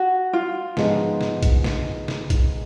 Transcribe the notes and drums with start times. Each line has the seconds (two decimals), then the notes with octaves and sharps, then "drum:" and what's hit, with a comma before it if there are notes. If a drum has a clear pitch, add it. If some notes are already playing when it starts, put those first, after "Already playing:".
Already playing: F#4
0.33 F4
0.77 G#2 F3 G#3 B3 D#4, drum: snare
1.21 drum: snare
1.43 drum: kick, hi-hat
1.64 drum: snare
2.08 drum: snare
2.30 drum: kick, hi-hat